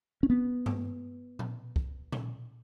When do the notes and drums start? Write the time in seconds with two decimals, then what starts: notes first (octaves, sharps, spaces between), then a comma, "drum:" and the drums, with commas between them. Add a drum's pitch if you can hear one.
0.23 C#4
0.30 B3
0.66 drum: tom G2
1.39 drum: tom A#2
1.76 drum: kick
2.12 drum: tom A#2